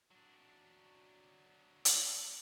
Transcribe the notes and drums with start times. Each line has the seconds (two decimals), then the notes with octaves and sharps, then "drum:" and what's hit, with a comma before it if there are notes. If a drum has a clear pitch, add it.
0.11 F#3 D4
1.85 drum: hi-hat